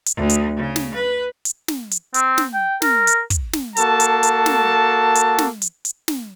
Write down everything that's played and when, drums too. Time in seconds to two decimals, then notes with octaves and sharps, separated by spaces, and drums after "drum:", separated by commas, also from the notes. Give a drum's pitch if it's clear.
0.06 drum: hi-hat
0.15 D2
0.29 drum: hi-hat
0.57 C#3
0.76 drum: snare
0.94 B4
1.45 drum: hi-hat
1.68 drum: snare
1.91 drum: hi-hat
2.14 C4, drum: hi-hat
2.38 drum: snare
2.54 G5
2.82 A#4, drum: snare
3.07 drum: hi-hat
3.30 drum: kick, hi-hat
3.53 drum: snare
3.77 A#3 F#4 A4 A5, drum: hi-hat
4.00 drum: hi-hat
4.23 drum: hi-hat
4.46 drum: snare
5.15 drum: hi-hat
5.38 drum: snare
5.62 drum: hi-hat
5.85 drum: hi-hat
6.08 drum: snare